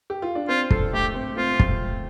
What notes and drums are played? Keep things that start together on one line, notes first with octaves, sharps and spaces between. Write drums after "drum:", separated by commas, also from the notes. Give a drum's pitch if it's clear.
G4
F4
D4
C4 F4
A4, drum: kick
A3 G4
C4
C4 F4
drum: kick